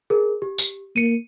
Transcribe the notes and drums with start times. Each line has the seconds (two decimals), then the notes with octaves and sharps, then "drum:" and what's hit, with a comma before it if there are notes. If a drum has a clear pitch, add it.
0.10 G#4 A#4
0.42 G4
0.58 drum: tambourine
0.96 A#3 C#7 D#7